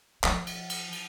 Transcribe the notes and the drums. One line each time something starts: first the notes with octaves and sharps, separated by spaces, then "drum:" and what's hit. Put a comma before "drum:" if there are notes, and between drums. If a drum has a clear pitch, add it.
F3, drum: clap
drum: cymbal
drum: cymbal
drum: cymbal